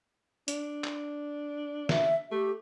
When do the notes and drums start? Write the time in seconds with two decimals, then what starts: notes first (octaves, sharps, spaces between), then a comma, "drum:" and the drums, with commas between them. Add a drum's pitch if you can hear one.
0.48 D4, drum: hi-hat
0.84 drum: clap
1.89 E5, drum: snare
2.31 A3 G4